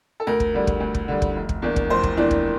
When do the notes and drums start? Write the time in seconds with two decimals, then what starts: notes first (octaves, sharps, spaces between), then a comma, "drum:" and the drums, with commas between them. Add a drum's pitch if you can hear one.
0.20 A4
0.27 D2 A#4
0.40 drum: kick
0.54 D3 G3
0.67 drum: kick
0.80 D2
0.95 drum: kick
1.08 D3 G3
1.22 drum: kick
1.35 F1
1.49 drum: kick
1.62 E2 E3 A#3 D4
1.76 drum: kick
1.90 F1 C5
2.03 drum: kick
2.17 E2 E3 A#3 D4
2.31 drum: kick